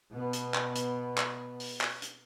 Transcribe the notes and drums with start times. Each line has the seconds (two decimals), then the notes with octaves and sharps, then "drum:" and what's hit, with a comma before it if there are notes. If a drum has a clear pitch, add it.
0.12 B2 B3
0.33 drum: hi-hat
0.54 drum: clap
0.75 drum: hi-hat
1.18 drum: clap
1.60 drum: open hi-hat
1.81 drum: clap
2.02 drum: hi-hat